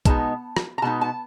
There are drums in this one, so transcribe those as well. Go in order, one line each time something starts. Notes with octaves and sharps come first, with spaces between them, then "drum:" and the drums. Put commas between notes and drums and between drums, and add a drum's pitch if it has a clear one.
B2 G#3 B3 D#4 A5, drum: kick B1, hi-hat
drum: rim click
A#5
B2 G#3 B3 D#4 A5
A5